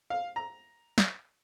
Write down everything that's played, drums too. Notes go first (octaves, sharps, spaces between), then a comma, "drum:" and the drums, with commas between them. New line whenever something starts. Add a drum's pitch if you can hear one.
F5
A#5
drum: snare